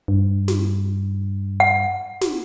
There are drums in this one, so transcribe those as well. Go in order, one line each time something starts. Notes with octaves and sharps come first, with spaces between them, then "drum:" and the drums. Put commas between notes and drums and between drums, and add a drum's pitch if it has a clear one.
G2
drum: snare
F#5
drum: snare